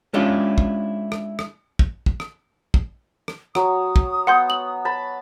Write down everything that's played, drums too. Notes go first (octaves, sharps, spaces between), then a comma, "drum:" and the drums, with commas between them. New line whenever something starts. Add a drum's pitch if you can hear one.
G#3 C#4 D4 E4 F4 G4
drum: kick
drum: rim click
drum: rim click
drum: kick
drum: kick
drum: rim click
drum: kick
drum: rim click
F#3 D#6, drum: rim click
drum: kick
B3 F#5 C6 G6
F#7
A5 B5